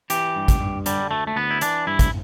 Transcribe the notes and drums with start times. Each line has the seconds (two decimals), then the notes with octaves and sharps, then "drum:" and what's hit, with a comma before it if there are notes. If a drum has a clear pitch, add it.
0.10 E3 G4, drum: hi-hat
0.36 G2
0.48 drum: kick, hi-hat
0.61 G2
0.86 D3 G3, drum: hi-hat
1.11 D2 A3
1.27 A3
1.36 D2 B3
1.51 E4
1.61 E3 D4, drum: hi-hat
1.87 G2 E4
1.99 drum: kick, hi-hat